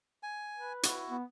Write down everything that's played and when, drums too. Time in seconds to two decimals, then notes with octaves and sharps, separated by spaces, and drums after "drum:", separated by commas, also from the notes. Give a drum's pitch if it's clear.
0.23 G#5
0.56 B4
0.83 E4 F#4, drum: hi-hat
1.09 B3